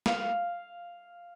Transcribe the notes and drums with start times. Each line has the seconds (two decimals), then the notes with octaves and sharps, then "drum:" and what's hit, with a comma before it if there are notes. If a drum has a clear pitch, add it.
0.06 F5, drum: snare